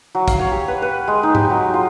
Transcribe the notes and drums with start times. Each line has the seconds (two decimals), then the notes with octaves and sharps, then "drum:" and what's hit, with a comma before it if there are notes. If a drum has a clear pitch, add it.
0.15 F#3
0.28 F5, drum: kick, hi-hat
0.39 C#5
0.52 G4
0.68 B4
0.82 B4
1.07 G#3
1.23 D#4
1.35 G4, drum: tom
1.50 F#3
1.74 F4